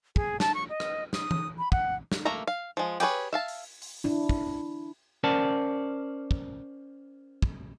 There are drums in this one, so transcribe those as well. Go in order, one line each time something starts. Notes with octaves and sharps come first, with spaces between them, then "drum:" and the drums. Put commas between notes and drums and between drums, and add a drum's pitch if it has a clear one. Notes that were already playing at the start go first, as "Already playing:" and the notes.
G#4, drum: kick
A5, drum: snare
C#6
D#5
drum: rim click
D#6, drum: snare
drum: tom E3
B5
F#5, drum: kick
drum: snare
A3 A#3 E5 A#5
F5
F3 G#3
G4 G#4 B4 C#5, drum: cymbal
E5 F5 A5
drum: open hi-hat
drum: open hi-hat
D4 E4
drum: kick
C#4 A#4 C5 D5 F#5 A5
drum: kick
drum: kick